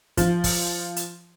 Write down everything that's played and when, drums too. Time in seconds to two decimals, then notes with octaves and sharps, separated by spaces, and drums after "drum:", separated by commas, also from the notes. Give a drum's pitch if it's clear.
0.17 F3, drum: kick, hi-hat
0.44 drum: kick, open hi-hat
0.96 drum: hi-hat